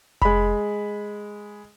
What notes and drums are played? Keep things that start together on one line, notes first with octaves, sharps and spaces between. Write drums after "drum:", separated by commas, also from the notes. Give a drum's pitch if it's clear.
G#3 B5, drum: kick F1